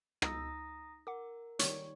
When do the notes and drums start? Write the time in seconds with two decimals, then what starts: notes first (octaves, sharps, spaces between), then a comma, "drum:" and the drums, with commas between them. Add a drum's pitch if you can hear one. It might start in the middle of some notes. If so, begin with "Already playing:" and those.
0.22 C#2 D#4 A#5 D#6 E6 A#6, drum: rim click
1.07 A#4 F#5 D6
1.59 D#3 G3 C#5 C#6, drum: hi-hat